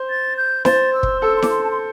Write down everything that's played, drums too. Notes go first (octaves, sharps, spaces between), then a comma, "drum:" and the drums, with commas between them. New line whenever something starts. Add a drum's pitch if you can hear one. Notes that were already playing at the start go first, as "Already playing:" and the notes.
Already playing: C5
A6
G6
C5 A6, drum: snare E4
E6
drum: kick
A4 E6
C6
D6, drum: snare E4
C6
A5
C6